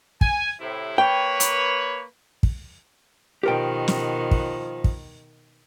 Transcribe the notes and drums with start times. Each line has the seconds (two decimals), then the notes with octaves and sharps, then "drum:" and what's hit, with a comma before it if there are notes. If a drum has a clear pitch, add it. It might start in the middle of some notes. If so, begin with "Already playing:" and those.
0.21 G#5, drum: kick
0.60 A2 C3 E4
0.98 A#3 B4 C#5 G5
1.40 drum: hi-hat
2.43 drum: kick
3.43 B2 D#3 F3 G4 A#4 G5
3.88 drum: snare
4.31 drum: kick
4.84 drum: kick